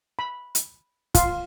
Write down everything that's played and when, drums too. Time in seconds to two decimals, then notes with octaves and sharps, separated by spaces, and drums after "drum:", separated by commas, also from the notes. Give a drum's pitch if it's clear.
0.19 B5
0.55 drum: hi-hat
1.15 F4, drum: kick, hi-hat